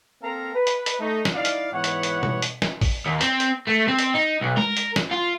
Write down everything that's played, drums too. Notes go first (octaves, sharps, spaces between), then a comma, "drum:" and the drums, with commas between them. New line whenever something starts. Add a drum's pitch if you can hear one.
A#3 C4 A4 A#4 F5 A#5
B4
drum: hi-hat
drum: hi-hat
A3 D#4
drum: snare
D#4 E4 D5 F5
drum: hi-hat
G#2 E3 B3 C#5 F#5
drum: hi-hat
drum: hi-hat
drum: tom B2
drum: hi-hat
drum: snare
drum: kick, open hi-hat
D#2
C4, drum: hi-hat
drum: hi-hat
A3
C4
drum: hi-hat
D#4
B1
A#4, drum: tom G#3
drum: hi-hat
drum: snare
F4